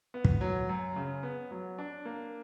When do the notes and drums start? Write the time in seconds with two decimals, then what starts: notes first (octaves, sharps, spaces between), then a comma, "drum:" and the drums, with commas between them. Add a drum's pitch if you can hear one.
0.14 B3
0.25 drum: kick
0.41 F#3
0.69 F#2
0.96 C#3
1.23 B3
1.51 F#3
1.78 D4
2.05 A#3